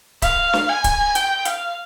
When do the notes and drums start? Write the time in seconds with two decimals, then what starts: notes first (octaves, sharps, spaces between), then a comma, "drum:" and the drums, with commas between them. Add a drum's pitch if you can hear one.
0.22 F5, drum: kick C#1, hi-hat
0.53 drum: snare
0.69 G#5
0.84 drum: kick C#1, hi-hat
1.15 G5, drum: hi-hat
1.45 F5, drum: hi-hat